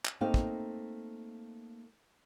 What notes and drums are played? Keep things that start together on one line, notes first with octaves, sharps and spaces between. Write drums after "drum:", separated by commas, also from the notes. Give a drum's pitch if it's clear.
drum: clap
A3 A#3 C4 D#4 F5
drum: kick